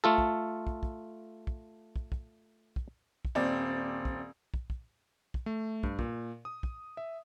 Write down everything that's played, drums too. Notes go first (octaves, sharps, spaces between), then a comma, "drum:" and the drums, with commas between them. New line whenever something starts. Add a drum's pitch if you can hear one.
A3 F4 A4
drum: kick
drum: kick
drum: kick
drum: kick
drum: kick
drum: kick
drum: kick
drum: kick
D#1 C4 D5
drum: kick
drum: kick
drum: kick
drum: kick
A3
G2, drum: kick
A#2, drum: kick
D#6
drum: kick
E5